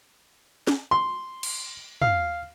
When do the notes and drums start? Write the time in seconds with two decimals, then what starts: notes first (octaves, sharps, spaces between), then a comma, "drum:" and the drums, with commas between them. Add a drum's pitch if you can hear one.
0.67 drum: snare
0.91 C6
1.43 drum: cymbal
2.02 F5, drum: tom